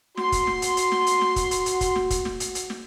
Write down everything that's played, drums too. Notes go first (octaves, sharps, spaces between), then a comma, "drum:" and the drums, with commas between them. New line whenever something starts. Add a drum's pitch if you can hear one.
F#4 C6, drum: snare
drum: kick, hi-hat
drum: snare
drum: hi-hat
drum: hi-hat
drum: snare
drum: hi-hat
drum: snare
drum: kick, hi-hat
drum: hi-hat
drum: hi-hat
drum: kick, hi-hat
drum: snare
drum: kick, hi-hat
drum: snare
drum: hi-hat
drum: hi-hat
drum: snare